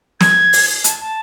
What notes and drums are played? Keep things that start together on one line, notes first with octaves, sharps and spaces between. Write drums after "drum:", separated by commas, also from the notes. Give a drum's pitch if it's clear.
G#6, drum: snare
drum: open hi-hat
A5, drum: hi-hat
A5